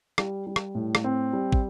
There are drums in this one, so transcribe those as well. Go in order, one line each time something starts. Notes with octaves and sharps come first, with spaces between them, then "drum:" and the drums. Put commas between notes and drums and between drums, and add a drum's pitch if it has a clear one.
G3, drum: rim click
G3
drum: rim click
A2
drum: rim click
C4
G3
drum: kick